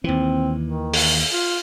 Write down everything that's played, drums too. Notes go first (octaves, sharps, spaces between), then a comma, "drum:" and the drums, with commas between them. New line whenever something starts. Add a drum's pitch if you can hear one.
D#2 E3 C4
D#3
drum: open hi-hat
F4